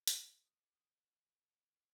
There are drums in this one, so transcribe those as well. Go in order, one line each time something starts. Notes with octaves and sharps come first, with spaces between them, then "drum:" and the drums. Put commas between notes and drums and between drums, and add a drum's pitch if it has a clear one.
D6, drum: hi-hat
D#6
D#6
D6
D#6